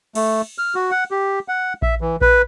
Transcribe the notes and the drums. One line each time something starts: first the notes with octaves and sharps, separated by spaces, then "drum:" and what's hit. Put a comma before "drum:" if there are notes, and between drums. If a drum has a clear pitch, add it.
A3, drum: cymbal
F6
F#4
F#5
G4
F#5
E5, drum: kick A#1
E3
B4, drum: kick A#1